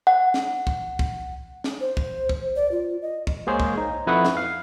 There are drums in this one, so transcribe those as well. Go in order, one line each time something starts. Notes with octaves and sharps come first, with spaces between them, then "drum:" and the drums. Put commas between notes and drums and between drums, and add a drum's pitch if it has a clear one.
F#5
drum: snare
drum: kick
drum: kick
drum: snare
C5
drum: kick
drum: kick
D5
F4
D#5
drum: kick
G#3 A#3 G#4 C5 C#5
drum: kick
D#4
F2 E4 B4 F#5 C#6 D#6
drum: snare
F5